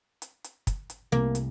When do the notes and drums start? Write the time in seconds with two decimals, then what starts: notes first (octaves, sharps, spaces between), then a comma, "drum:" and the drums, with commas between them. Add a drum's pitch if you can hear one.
0.22 drum: hi-hat
0.44 drum: hi-hat
0.67 drum: kick, hi-hat
0.90 drum: hi-hat
1.12 C2 A#3
1.35 drum: hi-hat